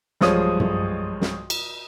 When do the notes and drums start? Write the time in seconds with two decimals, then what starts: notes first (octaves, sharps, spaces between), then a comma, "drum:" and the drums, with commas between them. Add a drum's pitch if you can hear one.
0.21 B1 G2 F3 G#3 C#5 D#6, drum: snare
0.60 drum: tom
1.21 drum: snare
1.50 drum: cymbal